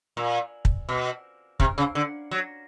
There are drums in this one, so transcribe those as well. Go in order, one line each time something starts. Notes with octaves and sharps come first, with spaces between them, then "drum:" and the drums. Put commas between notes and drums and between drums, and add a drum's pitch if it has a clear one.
A#2
drum: kick
B2
C3, drum: kick
C#3
D3
F#3